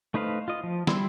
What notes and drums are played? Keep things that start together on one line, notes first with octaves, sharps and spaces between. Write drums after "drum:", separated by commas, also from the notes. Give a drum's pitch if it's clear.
A3 D#4 B4 C5 F5
F4 D#5
F3
G3 E4 C6 E6, drum: snare